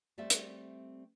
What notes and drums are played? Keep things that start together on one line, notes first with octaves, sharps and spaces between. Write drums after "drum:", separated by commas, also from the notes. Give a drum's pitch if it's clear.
G3 A3 C4 D5 E5
drum: hi-hat